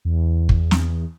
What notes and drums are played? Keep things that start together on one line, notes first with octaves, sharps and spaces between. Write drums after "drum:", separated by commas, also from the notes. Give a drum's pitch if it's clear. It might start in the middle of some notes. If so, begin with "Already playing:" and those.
E2
drum: kick
drum: snare